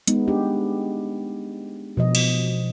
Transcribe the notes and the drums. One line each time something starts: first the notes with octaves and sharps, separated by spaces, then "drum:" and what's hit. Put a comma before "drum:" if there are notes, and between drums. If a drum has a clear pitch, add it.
G#3 B3 D#4, drum: hi-hat
D4 G4
B2 F3 D#5
drum: cymbal